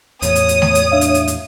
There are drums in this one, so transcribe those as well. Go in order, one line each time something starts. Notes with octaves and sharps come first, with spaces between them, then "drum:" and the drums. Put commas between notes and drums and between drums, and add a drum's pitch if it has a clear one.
E2 A2 C#5 D#6, drum: hi-hat
drum: hi-hat
drum: hi-hat
drum: snare A3
drum: hi-hat
D4 E5 F5
drum: hi-hat
drum: hi-hat
drum: hi-hat